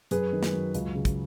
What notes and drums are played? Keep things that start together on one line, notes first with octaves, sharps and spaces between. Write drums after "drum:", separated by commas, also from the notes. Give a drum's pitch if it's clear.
F#2 G#4 B4, drum: hi-hat
D#3
drum: snare
F#3
C#2, drum: hi-hat
C#3
drum: kick, hi-hat